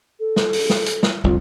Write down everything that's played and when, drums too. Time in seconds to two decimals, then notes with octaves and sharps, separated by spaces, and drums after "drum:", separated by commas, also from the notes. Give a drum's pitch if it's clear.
0.20 A4
0.36 drum: snare
0.53 drum: open hi-hat
0.70 drum: snare
0.86 drum: hi-hat
1.03 drum: snare
1.24 F1 C2 D3 F4